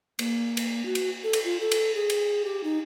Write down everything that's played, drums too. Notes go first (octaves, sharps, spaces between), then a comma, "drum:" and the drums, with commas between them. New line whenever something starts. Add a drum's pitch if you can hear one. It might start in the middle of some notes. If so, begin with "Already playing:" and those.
A#3, drum: cymbal
drum: cymbal
F#4
drum: cymbal
A4
drum: cymbal
F4
A4
drum: cymbal
G#4
drum: cymbal
G4
D#4